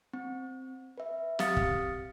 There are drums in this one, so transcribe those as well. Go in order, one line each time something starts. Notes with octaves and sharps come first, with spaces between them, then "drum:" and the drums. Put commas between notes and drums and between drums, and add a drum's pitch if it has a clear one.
C4
B4 E5
C4 G4 F5 D#6 A6 C#7, drum: snare
drum: kick